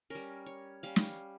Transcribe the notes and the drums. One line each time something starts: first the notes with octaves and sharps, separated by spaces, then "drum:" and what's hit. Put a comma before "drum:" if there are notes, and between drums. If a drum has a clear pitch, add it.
G3 C#4 A#4
C#5
G3 C#4 F5
drum: snare